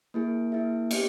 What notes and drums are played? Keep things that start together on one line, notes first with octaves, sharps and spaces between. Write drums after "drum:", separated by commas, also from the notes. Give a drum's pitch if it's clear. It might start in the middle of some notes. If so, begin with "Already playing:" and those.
A#3 E4 G#4
A#3 E4 G#4 E5
B3 G4 D#5, drum: cymbal